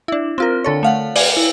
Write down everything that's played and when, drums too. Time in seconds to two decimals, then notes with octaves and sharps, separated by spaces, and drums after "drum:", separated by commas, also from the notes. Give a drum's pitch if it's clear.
0.08 D4 E4
0.38 C4 F4 A#4
0.64 D3 A4 C#5
0.83 A3 F5 F#5
1.16 D5 F5 G#5, drum: open hi-hat
1.37 E4